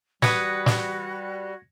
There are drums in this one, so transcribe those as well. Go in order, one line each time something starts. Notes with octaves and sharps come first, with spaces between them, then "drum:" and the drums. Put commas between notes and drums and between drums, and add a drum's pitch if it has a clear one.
G3 F#4 B4 D#6 G#6 A#6 C#7, drum: snare
drum: snare